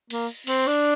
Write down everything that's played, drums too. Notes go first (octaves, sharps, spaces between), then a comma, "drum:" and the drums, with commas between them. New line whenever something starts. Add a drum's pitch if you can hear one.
A#3, drum: cymbal
C4, drum: cymbal
D4